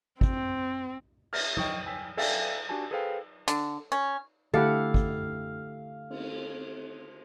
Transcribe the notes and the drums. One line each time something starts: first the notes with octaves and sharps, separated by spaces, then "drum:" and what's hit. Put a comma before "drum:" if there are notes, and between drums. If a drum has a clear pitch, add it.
C4, drum: kick
E5 F6, drum: cymbal
D#5 G5 C#6 D#6, drum: tom
G5 G#5 E6 B6
A4 D5 E5 F5 G5 G#5, drum: cymbal
D4 F#4 G4 G#5 A5
G#4 A4 B4 C5 F5 G5
D3, drum: hi-hat
C#4
D3 A3 E4 G4 A4 F5 F#5
drum: kick
drum: cymbal